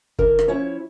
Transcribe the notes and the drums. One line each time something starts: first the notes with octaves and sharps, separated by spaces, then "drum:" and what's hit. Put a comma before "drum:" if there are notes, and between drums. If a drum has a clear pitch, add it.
D3 A#4, drum: kick
drum: rim click
F3 C#4 E4 C#5